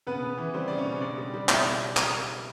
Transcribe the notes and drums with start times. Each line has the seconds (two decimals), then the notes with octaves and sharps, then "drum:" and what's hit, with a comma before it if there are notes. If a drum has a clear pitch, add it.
0.07 C#3 B3 B4
0.22 C#3
0.38 E3
0.54 G3 C4 C5
0.68 C#3 D5
0.78 C#4 C#5
0.85 C#3
1.01 B2 D4 D5
1.18 G3
1.34 G3
1.49 B2 E4 E5, drum: clap
1.97 drum: clap